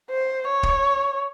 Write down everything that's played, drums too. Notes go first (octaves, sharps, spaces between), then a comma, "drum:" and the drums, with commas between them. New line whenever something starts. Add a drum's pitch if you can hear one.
C5
C#5
drum: kick